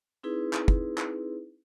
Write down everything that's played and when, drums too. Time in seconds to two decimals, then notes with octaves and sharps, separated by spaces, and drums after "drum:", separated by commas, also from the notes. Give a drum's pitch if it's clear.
0.23 C4 D#4 E4 G#4 B4
0.53 drum: clap
0.68 drum: kick
0.98 drum: clap